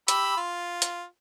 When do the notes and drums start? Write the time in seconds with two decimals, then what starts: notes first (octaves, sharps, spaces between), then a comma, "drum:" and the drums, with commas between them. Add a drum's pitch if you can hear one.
0.08 G4 B5 E6, drum: hi-hat
0.37 F4
0.82 drum: hi-hat